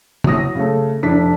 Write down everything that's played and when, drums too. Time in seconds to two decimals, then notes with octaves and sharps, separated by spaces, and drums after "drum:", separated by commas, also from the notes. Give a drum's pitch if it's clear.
0.24 E3 F#3 D#6 A#6, drum: tom
0.55 C#3 A3
1.03 F1 D4 E4 A5 B6